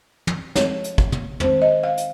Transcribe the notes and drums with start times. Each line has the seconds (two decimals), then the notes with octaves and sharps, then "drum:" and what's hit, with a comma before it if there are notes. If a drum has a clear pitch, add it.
0.27 drum: tom
0.56 F3 G#3 C4 C#5, drum: snare
0.84 drum: hi-hat
0.98 drum: kick
1.12 drum: tom
1.40 D#3 G#3 C4 C5, drum: tom
1.62 D#5
1.84 F5
1.97 drum: hi-hat